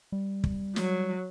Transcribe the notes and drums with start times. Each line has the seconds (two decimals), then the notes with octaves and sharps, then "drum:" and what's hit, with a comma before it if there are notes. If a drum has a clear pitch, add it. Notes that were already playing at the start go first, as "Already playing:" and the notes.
0.12 G3
0.44 drum: kick
0.76 F#3, drum: snare